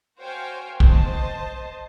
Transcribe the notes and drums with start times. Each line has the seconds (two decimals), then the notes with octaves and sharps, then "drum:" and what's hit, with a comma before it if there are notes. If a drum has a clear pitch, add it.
0.20 F#4 C5 C#5 F5 G5 G#5
0.80 C5 D#5 A5, drum: kick